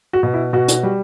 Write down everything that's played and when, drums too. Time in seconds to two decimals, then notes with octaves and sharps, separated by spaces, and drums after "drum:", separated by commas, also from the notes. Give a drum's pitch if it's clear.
0.13 F#4
0.23 B2
0.34 E4
0.53 B2 F#4
0.68 drum: hi-hat
0.83 G3